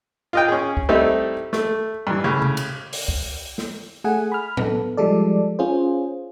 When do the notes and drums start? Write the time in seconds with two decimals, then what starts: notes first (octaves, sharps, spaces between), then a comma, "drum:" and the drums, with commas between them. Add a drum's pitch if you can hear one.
0.33 F4 D#5 G5
0.48 C#4 G#4
0.77 drum: kick
0.89 G3 A3 C4 D#4 E4 G4
1.53 A3, drum: snare
2.07 G2 E3
2.24 A2 C#3
2.42 drum: tom C3
2.57 drum: cymbal
2.93 drum: open hi-hat
3.08 drum: kick
3.58 drum: snare
4.04 A3 G#4 F#5 G#5
4.32 B5 F6
4.57 B3 A4, drum: tom
4.97 F3 G3 G#3 A4 D5
5.59 C#4 F4 G#4 C5